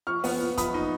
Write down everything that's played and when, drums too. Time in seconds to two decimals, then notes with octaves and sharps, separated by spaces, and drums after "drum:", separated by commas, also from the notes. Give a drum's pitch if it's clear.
0.07 F3 C#6 F6
0.24 B3, drum: open hi-hat
0.41 F3
0.57 F3 B5 D#6, drum: kick, hi-hat
0.74 D#4